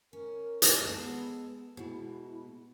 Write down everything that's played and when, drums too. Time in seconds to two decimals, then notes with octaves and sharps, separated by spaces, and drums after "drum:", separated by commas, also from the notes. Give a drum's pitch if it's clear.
0.13 C#4 A#4
0.62 drum: hi-hat
0.85 G#3 B3 A4
1.77 B2 G#3 E4